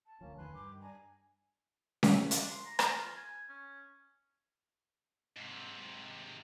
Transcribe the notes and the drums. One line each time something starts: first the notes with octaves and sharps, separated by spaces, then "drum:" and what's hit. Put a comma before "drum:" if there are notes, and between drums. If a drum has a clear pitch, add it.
A5
D2 F3 A#3 C#4
D#2 D3 D#3 B4 G#5 C6 F#6
G2 D6
D#3
D4 G#5 A#5
drum: snare C#4
D4, drum: hi-hat
C6
A#5
A#5, drum: rim click
F4
G#5
C#4
G#2 C3